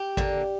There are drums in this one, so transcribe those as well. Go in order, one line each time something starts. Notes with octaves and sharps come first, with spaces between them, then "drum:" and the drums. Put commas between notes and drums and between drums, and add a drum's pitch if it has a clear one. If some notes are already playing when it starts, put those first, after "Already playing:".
Already playing: G4
D3 A#3, drum: kick G#1